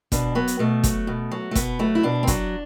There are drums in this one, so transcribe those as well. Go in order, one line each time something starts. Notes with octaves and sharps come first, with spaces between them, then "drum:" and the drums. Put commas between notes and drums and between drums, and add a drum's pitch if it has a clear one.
B2 D4, drum: kick, hi-hat
F#3 B3
drum: hi-hat
B2 A3
F#3, drum: kick, hi-hat
B2
F#3
A3
B2 B3, drum: kick, hi-hat
F#3 A3
E4
B2 D4
C4
F#3 D4, drum: kick, hi-hat